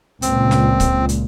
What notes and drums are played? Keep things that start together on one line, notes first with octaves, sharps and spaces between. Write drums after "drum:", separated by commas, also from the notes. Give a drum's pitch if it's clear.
C#2 A#2 C4, drum: hi-hat
drum: snare
drum: kick C#1, hi-hat
drum: hi-hat